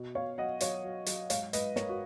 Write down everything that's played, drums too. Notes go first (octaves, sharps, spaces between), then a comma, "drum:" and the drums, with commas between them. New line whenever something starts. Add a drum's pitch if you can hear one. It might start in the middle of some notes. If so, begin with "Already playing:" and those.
Already playing: B2
B2 C#5 F5
F#3 D#5 F#5
F#3 C#5 F5, drum: hi-hat
F#3
F#3, drum: hi-hat
G#2 C#5 F5, drum: hi-hat
G#2 B4 D#5, drum: hi-hat
G#2 A#4 C#5, drum: snare
F#4